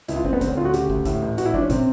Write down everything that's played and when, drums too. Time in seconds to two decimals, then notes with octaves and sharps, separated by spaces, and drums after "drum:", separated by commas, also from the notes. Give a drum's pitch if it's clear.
0.08 C#2 E4, drum: hi-hat
0.16 F4
0.25 C#3 C4, drum: kick
0.33 B3
0.41 D2 C4, drum: kick, hi-hat
0.49 C#4
0.57 D2 F4
0.65 F#4
0.74 C#3 G4, drum: hi-hat
0.90 D2, drum: kick
1.05 A2, drum: kick, hi-hat
1.22 A1
1.38 A1 F#4, drum: hi-hat
1.46 E4
1.54 F3 D4, drum: kick
1.62 C#4
1.70 C3 C4, drum: kick, hi-hat